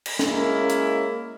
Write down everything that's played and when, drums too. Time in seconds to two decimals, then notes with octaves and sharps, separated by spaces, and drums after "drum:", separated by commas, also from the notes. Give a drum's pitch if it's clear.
0.06 drum: cymbal
0.19 G#3 A#3 C#4 E4, drum: snare
0.70 drum: hi-hat